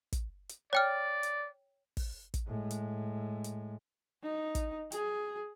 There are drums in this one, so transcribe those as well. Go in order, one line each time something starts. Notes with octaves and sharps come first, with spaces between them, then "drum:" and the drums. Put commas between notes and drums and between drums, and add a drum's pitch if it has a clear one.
drum: kick, hi-hat
drum: hi-hat
C#5 D5 G5 F6
drum: hi-hat
drum: kick, open hi-hat
drum: kick, hi-hat
A2 G#3
drum: hi-hat
drum: hi-hat
D#4
drum: kick, hi-hat
G#4, drum: hi-hat